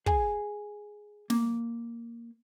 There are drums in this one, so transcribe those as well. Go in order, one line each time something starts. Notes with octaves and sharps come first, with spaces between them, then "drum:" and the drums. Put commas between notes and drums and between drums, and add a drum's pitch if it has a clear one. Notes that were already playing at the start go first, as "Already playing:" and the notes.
G#4 G#5, drum: kick
A#3, drum: snare